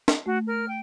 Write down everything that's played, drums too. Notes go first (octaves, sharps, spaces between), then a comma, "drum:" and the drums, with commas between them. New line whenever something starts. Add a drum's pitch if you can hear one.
drum: snare
A3 F#4
A#4 F6
G5